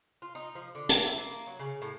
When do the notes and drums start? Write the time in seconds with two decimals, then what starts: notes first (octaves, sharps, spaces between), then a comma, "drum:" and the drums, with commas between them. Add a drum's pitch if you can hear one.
0.22 F4
0.35 D#4
0.55 F3
0.75 D3
0.89 A#3, drum: hi-hat
1.06 E4
1.18 A#3
1.47 F#3
1.59 C#3
1.82 A2